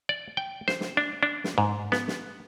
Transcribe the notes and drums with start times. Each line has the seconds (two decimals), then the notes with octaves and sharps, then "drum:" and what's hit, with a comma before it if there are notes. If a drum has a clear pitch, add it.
0.09 D5
0.37 G5
0.68 C5, drum: snare
0.81 drum: snare
0.97 D4
1.23 D4
1.44 drum: snare
1.58 G#2
1.92 B3, drum: snare
2.08 drum: snare